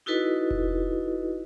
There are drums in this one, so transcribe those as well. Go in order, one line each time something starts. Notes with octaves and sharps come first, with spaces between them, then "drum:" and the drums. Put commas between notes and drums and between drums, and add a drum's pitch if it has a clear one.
D#4 E4 F#4 A4 B4 D#5
drum: kick F1